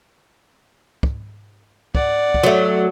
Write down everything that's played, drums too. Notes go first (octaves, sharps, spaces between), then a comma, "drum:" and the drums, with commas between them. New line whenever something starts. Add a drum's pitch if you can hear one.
drum: kick
D5 F#5, drum: kick
drum: kick
F#3 A3